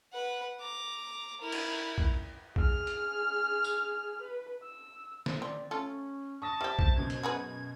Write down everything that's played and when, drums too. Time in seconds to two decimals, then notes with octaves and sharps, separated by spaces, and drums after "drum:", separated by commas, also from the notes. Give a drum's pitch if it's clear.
0.13 B4 F#5
0.60 A#5 D6
1.41 E4 A#4
1.52 drum: cymbal
1.98 drum: kick A#1
2.56 G#4 F6, drum: kick A#1
2.87 drum: hi-hat
3.64 drum: tambourine
4.21 B4
4.63 E6
5.26 drum: snare
5.42 C4 D5
5.71 A3 C#4 F4 A4
6.42 A5 C#6 D#6 A#6
6.61 G3 G4 C5 E5
6.79 drum: kick A#1
6.96 F#2 B2 G#6
7.10 drum: hi-hat
7.23 F#4 G#4 B4